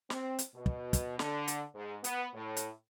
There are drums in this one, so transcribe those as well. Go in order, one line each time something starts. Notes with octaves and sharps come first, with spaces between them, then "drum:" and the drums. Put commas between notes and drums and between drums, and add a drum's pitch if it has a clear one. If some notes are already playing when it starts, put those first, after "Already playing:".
C4, drum: snare
drum: hi-hat
B2
drum: kick
drum: kick, hi-hat
D3, drum: snare
drum: hi-hat
G#2
B3, drum: hi-hat
A2
drum: hi-hat